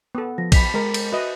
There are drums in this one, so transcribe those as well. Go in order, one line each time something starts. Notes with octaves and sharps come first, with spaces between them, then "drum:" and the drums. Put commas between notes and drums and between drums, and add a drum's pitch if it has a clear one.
B3 A4
F3 A#6
B5 B6 F7, drum: kick, cymbal
G#3 A#4
drum: cymbal
F#4 B4 D#5 E5